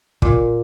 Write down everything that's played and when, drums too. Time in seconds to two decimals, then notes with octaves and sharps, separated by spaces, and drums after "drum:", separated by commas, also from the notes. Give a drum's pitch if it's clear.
0.22 A#2, drum: kick